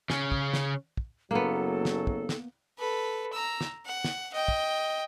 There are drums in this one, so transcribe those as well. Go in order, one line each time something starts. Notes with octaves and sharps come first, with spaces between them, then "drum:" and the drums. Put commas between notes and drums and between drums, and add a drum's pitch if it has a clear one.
C#3 C#4, drum: snare
drum: kick
drum: snare
drum: kick
F#1 F#3 A#3 B3 A4
drum: snare
drum: kick
drum: snare
A4 B4
A#5 E6
drum: snare
F#5
drum: snare
D#5 G5
drum: kick